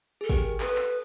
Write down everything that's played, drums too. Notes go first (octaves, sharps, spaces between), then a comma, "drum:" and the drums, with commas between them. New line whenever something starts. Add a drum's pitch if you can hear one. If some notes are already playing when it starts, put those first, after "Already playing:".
G#4
A4
G4 A#4, drum: kick
A4 B4, drum: clap
drum: clap